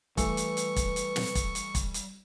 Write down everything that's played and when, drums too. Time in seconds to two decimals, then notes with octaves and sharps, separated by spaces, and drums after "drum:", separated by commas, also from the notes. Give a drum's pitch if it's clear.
0.18 E3 G3 A3 B4 C#6, drum: kick, hi-hat
0.37 drum: hi-hat
0.57 drum: hi-hat
0.76 drum: kick, hi-hat
0.96 drum: hi-hat
1.16 drum: snare
1.35 drum: kick, hi-hat
1.55 drum: hi-hat
1.75 drum: kick, hi-hat
1.94 drum: hi-hat